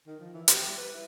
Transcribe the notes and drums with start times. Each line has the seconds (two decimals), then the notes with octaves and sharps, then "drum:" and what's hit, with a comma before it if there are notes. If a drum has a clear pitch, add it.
0.07 D#3
0.20 F3
0.33 E3
0.48 G4, drum: hi-hat
0.66 G3
0.78 B4
0.93 E4